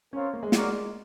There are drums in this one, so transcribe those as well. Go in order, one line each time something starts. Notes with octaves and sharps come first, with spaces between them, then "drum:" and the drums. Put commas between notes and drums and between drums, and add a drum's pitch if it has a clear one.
C4 C#4 F4 A#4 C#5
A#3
G#3
F#4 A#4 D5, drum: snare